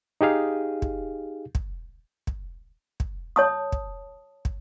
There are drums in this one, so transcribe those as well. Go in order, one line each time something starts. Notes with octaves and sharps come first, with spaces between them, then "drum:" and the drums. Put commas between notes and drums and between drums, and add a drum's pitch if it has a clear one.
D#4 G4 G#4 F5
drum: kick
drum: kick
drum: kick
drum: kick
C#5 A5 D#6
drum: kick
drum: kick